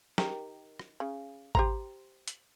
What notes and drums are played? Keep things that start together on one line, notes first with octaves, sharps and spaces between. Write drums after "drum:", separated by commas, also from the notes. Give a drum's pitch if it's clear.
D#3 G4 A#4, drum: snare
drum: rim click
C#3
G4 C5 A#5, drum: kick G#1
drum: hi-hat